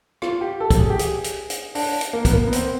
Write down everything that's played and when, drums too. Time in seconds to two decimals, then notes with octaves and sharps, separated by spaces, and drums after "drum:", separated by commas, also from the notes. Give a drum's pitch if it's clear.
0.22 F4, drum: rim click
0.41 G4
0.60 A4
0.70 A4, drum: kick, hi-hat
0.79 G#4
0.90 G4
0.99 G#4, drum: hi-hat
1.24 drum: hi-hat
1.50 drum: hi-hat
1.75 D4, drum: open hi-hat
2.01 drum: hi-hat
2.13 A#3
2.25 B3, drum: kick, hi-hat
2.33 A#3
2.47 B3
2.53 C4, drum: hi-hat